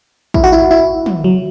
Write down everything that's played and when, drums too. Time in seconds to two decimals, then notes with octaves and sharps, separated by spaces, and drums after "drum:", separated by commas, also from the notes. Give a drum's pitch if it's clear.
0.34 E4, drum: kick A1
0.44 F#4
0.52 E4
0.71 E4
1.06 drum: tom
1.24 F#3